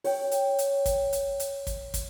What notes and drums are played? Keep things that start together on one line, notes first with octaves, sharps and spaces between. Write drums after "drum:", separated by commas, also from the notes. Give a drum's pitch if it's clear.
C#5 G5, drum: open hi-hat
drum: hi-hat
drum: hi-hat
drum: kick, hi-hat
drum: hi-hat
drum: hi-hat
drum: kick, hi-hat
drum: kick, hi-hat